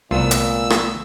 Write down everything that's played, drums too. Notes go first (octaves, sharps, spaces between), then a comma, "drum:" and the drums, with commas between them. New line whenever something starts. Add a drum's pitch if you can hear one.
C2 A#2 A3 B3 F4 E6
drum: hi-hat
drum: rim click